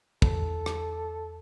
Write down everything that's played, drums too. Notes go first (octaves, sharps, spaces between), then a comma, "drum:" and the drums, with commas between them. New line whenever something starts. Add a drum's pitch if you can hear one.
E2 A4, drum: kick
drum: rim click